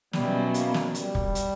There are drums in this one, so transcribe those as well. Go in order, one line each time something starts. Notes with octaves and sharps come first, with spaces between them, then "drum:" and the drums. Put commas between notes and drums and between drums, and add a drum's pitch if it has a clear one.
B2 F#3 G3 C#4 E4, drum: snare
A#3, drum: hi-hat
drum: snare
G3, drum: hi-hat
drum: kick
drum: hi-hat